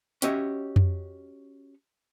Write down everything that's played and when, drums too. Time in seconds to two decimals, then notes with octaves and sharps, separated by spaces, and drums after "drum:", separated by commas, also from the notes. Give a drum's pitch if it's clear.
0.22 C#4 F#4 G4 C#5 D#5 E5, drum: hi-hat
0.76 drum: tom F2